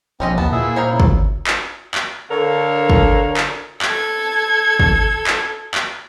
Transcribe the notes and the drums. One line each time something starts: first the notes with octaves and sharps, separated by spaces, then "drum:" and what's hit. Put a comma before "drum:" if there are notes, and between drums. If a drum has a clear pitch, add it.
A#1 G3 C4 C#4 D#5
D#2 B3 A5
A#2 E4 G#4 E5
A#4 C5 C#5
C#3 E4
drum: kick
drum: clap
drum: clap
D3 D4 A4 A#4 C#5 F5
drum: kick
drum: clap
A4 G#6, drum: clap
drum: kick
drum: clap
drum: clap